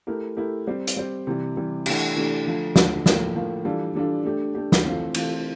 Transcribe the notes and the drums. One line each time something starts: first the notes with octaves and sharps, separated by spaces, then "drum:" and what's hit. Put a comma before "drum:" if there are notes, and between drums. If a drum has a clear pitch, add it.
A3 E4 G4 A#4
A3 E4 G4 A#4
G3 C4 G4 C5
drum: hi-hat
G3 C4 G4 C5
C3 E3 G3
C3 E3 G3
E3 A3 D4 G4, drum: cymbal
E3 A3 D4 G4
D3 F3 A3
D3 F3 A3, drum: snare
A2 F3 A#3, drum: snare
A2 F3 A#3
E3 G3 D4 F4 A4
E3 G3 D4 F4 A4
A3 D4 G4
A3 D4 G4
drum: snare
E3 A3 C4 F4 A4
E3 A3 C4 F4 A4, drum: cymbal